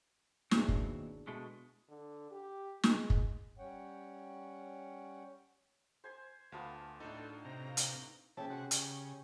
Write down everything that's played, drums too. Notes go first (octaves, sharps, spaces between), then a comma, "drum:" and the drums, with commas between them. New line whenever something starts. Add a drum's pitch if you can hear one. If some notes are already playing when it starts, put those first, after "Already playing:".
D#2 B2 C4 D4 E4 G#4, drum: snare
drum: kick
B2 G#3 A3
D3
G4
G#3, drum: snare
drum: kick
G3 C#4 C#5 F#5 G5
C5 G#5 C6
D2 B3 F4 F5 A5
A2 D4 D#4 A4
C3 A#5
F5
drum: hi-hat
E3 A3 C#4 G4 G#4 A5
C3 F#4
C#3, drum: hi-hat